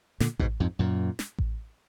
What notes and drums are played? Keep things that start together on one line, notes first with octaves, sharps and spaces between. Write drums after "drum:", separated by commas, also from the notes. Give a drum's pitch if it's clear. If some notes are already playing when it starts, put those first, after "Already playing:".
A#2 D3, drum: snare
G#2 B2, drum: kick A1
F2 G#2
F#2 A#2
drum: snare
drum: kick A1